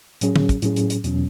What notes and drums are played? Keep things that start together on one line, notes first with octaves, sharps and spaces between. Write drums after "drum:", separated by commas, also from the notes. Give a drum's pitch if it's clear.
A2 F#3 C#4 G#4, drum: hi-hat
drum: tom
drum: kick, hi-hat
A2 F#3 C#4 G#4, drum: hi-hat
drum: hi-hat
drum: hi-hat
E2 B2 F#3 C#4, drum: hi-hat